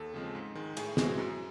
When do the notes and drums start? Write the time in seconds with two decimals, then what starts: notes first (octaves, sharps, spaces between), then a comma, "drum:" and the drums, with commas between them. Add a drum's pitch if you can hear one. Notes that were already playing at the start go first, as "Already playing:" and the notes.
Already playing: D#2 A4
0.14 C#3 F3 G#3 C4
0.35 G#2
0.55 D#3 G#3
0.77 A2 G#4, drum: cymbal
0.97 E3 G#3 C4, drum: snare
1.04 F#4
1.18 F#2